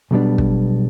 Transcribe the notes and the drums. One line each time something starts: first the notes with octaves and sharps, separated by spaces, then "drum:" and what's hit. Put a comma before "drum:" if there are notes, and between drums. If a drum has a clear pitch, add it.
B1 B2 G3 B3 D4
drum: kick